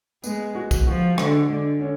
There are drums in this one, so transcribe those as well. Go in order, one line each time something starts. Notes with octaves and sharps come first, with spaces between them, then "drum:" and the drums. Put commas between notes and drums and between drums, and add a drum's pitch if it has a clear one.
G#3 B3, drum: tambourine
F#4
drum: kick B1, tambourine
F3 F#4
D3 G#3, drum: rim click
D3 G#3
C#4